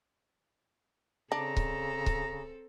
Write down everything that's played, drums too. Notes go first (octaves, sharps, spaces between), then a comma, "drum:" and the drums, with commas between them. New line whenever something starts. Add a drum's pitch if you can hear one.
C#3 C4 D4 A4 A#5
drum: kick C#1
drum: kick C#1